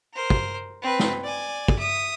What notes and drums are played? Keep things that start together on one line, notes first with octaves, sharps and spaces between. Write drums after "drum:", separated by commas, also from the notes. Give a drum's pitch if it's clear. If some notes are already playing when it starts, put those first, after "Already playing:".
A#4 C5
drum: kick
C4 B4
drum: snare
D5 G#5
drum: kick
E5 D#6